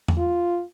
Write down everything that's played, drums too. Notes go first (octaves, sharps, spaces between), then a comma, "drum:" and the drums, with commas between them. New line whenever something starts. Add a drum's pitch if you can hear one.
drum: tom E2
F4